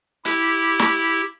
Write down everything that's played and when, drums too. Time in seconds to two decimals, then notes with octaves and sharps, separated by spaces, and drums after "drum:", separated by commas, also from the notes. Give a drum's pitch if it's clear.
0.25 E4 G4, drum: hi-hat
0.79 drum: snare